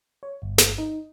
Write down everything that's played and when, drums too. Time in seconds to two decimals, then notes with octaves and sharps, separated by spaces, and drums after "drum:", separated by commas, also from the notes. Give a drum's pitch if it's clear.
0.23 C#5
0.42 G1
0.58 drum: snare
0.78 D#4